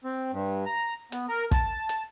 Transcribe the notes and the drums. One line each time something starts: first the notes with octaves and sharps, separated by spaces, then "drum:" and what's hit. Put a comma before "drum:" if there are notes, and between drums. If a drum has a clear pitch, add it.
C4
G2
A#5
B3, drum: hi-hat
A#4
A5, drum: kick, hi-hat
drum: hi-hat